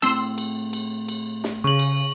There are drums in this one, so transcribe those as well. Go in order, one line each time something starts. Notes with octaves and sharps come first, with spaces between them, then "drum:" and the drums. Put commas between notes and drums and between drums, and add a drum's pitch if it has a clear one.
A2 C4 A5 C6 E6, drum: cymbal
drum: cymbal
drum: cymbal
drum: cymbal
drum: snare
C#3 C#6 F#7
drum: cymbal